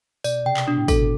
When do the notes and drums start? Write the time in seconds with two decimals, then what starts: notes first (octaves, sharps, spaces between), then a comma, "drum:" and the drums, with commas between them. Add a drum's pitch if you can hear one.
0.24 B2 D5, drum: tambourine
0.46 C3 G5
0.57 drum: clap
0.67 B2 D4
0.77 A2
0.88 B2 A4, drum: kick, tambourine